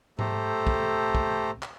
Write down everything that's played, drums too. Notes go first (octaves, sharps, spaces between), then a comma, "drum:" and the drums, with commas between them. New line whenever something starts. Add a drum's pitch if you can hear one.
A3 G4 A4 C5 A#5, drum: tom G#2
drum: kick
drum: kick
drum: clap